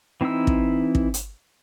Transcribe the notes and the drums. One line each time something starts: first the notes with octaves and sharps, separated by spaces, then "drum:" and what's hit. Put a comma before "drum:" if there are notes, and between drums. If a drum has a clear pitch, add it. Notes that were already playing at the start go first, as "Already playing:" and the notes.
E3 C4 D#4 E4 E6
drum: kick
drum: kick
drum: hi-hat